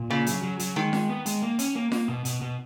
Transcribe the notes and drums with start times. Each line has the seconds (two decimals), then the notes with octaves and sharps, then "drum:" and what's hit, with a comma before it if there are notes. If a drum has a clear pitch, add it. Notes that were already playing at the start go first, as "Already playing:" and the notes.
Already playing: A#2
0.10 C#3 A#3
0.27 F#3, drum: hi-hat
0.43 F#3
0.59 F#3, drum: hi-hat
0.76 D#3 G#3
0.93 G#3, drum: snare F4
1.09 B3
1.26 G#3, drum: hi-hat
1.42 A#3
1.59 C#4, drum: hi-hat
1.75 A#3
1.92 A#3, drum: snare F4
2.08 B2
2.25 B2, drum: hi-hat
2.41 B2